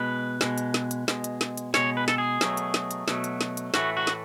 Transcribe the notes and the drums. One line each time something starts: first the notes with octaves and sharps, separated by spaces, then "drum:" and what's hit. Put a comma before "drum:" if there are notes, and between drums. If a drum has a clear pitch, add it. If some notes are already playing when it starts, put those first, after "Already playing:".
Already playing: B2 G#3 B4
B2 G#3, drum: snare
drum: hi-hat
drum: snare
drum: hi-hat
B2 G#3, drum: snare
drum: hi-hat
drum: snare
drum: hi-hat
B2 G#3 C#5, drum: snare
B4
A4, drum: snare
G#4
B2 F#3 A3, drum: snare
drum: hi-hat
drum: snare
drum: hi-hat
B2 F#3 A3, drum: snare
drum: hi-hat
drum: snare
drum: hi-hat
A2 E3 A3 F#4, drum: snare
F#4
drum: snare